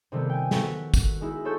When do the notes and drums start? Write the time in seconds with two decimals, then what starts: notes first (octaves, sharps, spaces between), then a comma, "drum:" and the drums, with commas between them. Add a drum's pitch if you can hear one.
0.12 C3 D#3 F3 G3 A3 B3
0.30 G5 G#5
0.51 B3 F#4 A4 B4, drum: snare
0.94 drum: kick, tambourine
1.21 G#3 D#4 E4
1.45 F4 A4 C#5 A5 G6 E7